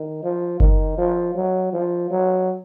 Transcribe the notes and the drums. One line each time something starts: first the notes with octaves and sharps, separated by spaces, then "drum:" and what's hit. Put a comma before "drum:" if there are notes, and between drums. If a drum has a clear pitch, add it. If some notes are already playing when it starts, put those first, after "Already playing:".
Already playing: D#3
F3
D#3, drum: kick F#1
F3
F#3
F3
F#3